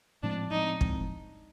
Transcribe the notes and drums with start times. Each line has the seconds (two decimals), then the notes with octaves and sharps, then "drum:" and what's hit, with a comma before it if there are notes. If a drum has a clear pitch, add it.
0.23 A2 F3 G#3 C4 D4
0.51 A2 F3 G#3 C4 D#4
0.81 A2 F3 G#3 C4, drum: kick